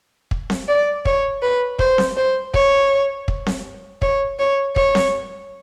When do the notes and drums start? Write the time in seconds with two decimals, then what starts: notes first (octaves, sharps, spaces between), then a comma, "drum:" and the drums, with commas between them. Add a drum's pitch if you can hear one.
0.31 drum: kick
0.50 drum: snare C4
0.68 D5
1.05 C#5, drum: kick
1.42 B4
1.79 C5, drum: kick
1.98 drum: snare C4
2.17 C5
2.54 C#5, drum: kick
3.28 drum: kick
3.46 drum: snare C4
4.02 C#5, drum: kick
4.39 C#5
4.76 C#5, drum: kick
4.95 drum: snare C4